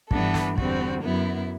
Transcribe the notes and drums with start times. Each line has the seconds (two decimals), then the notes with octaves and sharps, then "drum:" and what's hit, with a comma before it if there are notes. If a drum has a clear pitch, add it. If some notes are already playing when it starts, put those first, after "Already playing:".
0.11 G2 E3 B3 D4 A4, drum: kick
0.34 drum: snare
0.58 E2 D3 G3 C4 F#4, drum: kick
1.04 F#2 F#3 B3 E4